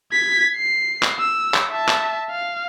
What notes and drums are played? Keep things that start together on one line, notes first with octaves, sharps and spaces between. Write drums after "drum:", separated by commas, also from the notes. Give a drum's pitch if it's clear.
G#6 B6
C7
drum: clap
E6
drum: clap
E5 A5
drum: clap
F5